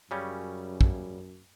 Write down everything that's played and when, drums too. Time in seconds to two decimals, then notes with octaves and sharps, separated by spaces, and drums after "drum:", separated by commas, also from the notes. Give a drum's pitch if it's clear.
0.11 F#2 C#3 G3 C#4
0.81 drum: kick